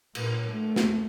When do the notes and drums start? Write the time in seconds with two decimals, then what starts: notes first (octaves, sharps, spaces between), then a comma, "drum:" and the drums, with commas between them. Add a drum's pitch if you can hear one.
0.15 A#2, drum: cymbal
0.49 A3
0.76 drum: snare